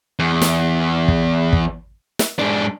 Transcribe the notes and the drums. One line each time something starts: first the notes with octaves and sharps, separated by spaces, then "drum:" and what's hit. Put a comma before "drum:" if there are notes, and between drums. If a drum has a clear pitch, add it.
E2
drum: snare
drum: kick
drum: kick
drum: snare
G#2 D4